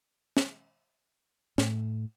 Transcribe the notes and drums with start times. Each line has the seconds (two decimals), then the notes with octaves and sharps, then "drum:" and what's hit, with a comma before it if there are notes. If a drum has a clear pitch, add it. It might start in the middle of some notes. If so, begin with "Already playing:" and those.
0.37 drum: snare
1.58 A2, drum: snare